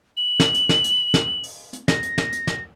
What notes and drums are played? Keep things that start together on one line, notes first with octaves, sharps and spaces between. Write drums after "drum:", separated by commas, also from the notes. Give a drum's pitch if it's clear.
F#7
drum: snare
drum: hi-hat
drum: snare
drum: hi-hat
drum: snare
drum: open hi-hat
drum: hi-hat
A#6, drum: snare
drum: hi-hat
drum: snare
drum: hi-hat
drum: snare